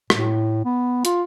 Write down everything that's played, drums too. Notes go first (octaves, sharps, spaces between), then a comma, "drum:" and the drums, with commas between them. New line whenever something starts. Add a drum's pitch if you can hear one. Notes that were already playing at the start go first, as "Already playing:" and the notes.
A2, drum: rim click
B3
F4, drum: hi-hat